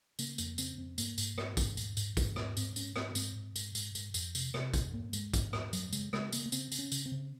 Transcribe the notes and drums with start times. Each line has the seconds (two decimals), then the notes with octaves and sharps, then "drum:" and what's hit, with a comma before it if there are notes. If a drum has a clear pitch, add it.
0.19 C#3 A#3, drum: tambourine
0.38 F2 A#3, drum: tambourine
0.58 C#3 C4, drum: tambourine
0.78 F2 C4
0.98 G#2 A#3, drum: tambourine
1.18 G#2, drum: tambourine
1.38 G#2, drum: rim click
1.57 G#2, drum: kick, tambourine
1.77 G#2, drum: tambourine
1.97 G#2, drum: tambourine
2.17 G#2, drum: kick, tambourine
2.36 G#2, drum: rim click
2.57 G#2 C4, drum: tambourine
2.76 G#2 C#4, drum: tambourine
2.96 G#2 C4, drum: rim click
3.15 G#2 C4, drum: tambourine
3.36 G#2
3.56 G#2, drum: tambourine
3.75 G#2, drum: tambourine
3.95 G#2, drum: tambourine
4.14 F2, drum: tambourine
4.35 C3, drum: tambourine
4.54 C3, drum: rim click
4.74 F2, drum: kick, tambourine
4.93 G#2 A#3
5.13 G#2 G#3, drum: tambourine
5.34 G#2, drum: kick, tambourine
5.53 G#2, drum: rim click
5.73 F#2 F#3, drum: tambourine
5.93 C#3 G#3, drum: tambourine
6.13 C#3 G#3, drum: rim click
6.32 C#3 A#3, drum: tambourine
6.46 A#3
6.52 C#3 C4, drum: tambourine
6.72 C#3, drum: tambourine
6.79 C#4
6.92 C#3, drum: tambourine
7.06 C4
7.12 C#3